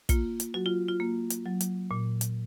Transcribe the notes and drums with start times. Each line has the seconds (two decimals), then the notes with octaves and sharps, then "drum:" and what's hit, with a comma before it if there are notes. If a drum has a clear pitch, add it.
0.09 A#3 F4, drum: kick, hi-hat
0.40 drum: hi-hat
0.54 F#3 F#4
0.66 F4
0.88 F4
1.00 A#3
1.30 drum: hi-hat
1.46 F#3
1.61 drum: hi-hat
1.91 A#2
2.21 drum: hi-hat